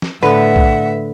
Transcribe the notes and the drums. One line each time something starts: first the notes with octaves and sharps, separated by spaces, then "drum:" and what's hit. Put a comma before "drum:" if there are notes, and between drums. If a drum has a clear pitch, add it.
drum: snare
A2 D3 B3 B4 E5 F#5
drum: kick B1